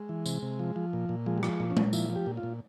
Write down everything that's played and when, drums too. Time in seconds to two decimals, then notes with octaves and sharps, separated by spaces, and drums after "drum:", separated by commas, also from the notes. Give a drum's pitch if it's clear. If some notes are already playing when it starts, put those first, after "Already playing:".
Already playing: G#3
0.09 E3
0.26 C3, drum: tambourine
0.42 C3
0.59 F3
0.76 F3
0.93 A#2
1.09 A#2
1.26 F3 G#3
1.38 G3
1.43 F3, drum: rim click
1.49 G#3
1.60 A#2
1.70 C#4
1.77 A#2, drum: tom G#3
1.93 F3 E4, drum: tambourine
2.10 F3
2.16 G4
2.26 A#2
2.37 F4
2.43 A#2